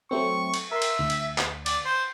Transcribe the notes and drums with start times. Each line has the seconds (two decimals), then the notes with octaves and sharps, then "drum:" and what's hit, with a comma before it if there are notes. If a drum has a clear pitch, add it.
0.11 F#3 A3 C4 C#6
0.54 drum: cymbal
0.72 A#4 E5 C6
0.82 drum: cymbal
0.99 D2
1.10 drum: cymbal
1.38 drum: clap
1.66 D5, drum: cymbal
1.86 C5 C6